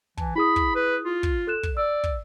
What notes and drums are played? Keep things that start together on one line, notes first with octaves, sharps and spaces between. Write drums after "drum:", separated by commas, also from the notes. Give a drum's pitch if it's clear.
E3 A5, drum: kick
E4 G#4 B5 D#6
drum: kick
B4
F4
drum: kick
A4 F#6 E7
drum: kick
D5 E6
drum: kick